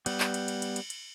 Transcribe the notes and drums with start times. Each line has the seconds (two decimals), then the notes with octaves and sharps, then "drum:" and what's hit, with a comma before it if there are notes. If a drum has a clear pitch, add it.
0.06 G3 B3, drum: cymbal
0.20 drum: clap
0.34 drum: cymbal
0.48 drum: cymbal
0.62 drum: cymbal
0.76 drum: cymbal
0.90 drum: cymbal